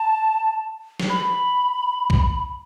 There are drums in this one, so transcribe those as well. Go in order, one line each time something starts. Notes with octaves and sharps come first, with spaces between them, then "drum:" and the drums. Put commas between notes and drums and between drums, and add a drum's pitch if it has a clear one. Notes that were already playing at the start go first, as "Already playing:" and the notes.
Already playing: A5
drum: snare
B5
drum: kick C2